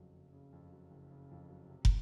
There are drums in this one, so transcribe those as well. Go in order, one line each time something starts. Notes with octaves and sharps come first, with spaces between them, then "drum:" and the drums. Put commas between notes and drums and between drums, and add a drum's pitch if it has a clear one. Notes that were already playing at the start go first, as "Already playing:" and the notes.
Already playing: F#1 F2 C#3 F#3
F#1
C#3
F2
F#3
F#1
C#3
F2
F#3
C3
drum: kick